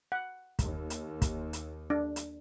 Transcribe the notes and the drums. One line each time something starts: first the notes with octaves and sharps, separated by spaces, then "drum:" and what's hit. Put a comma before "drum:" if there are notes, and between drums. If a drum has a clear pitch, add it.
F#5
D#2, drum: kick, hi-hat
drum: hi-hat
drum: kick, hi-hat
drum: hi-hat
D4
drum: hi-hat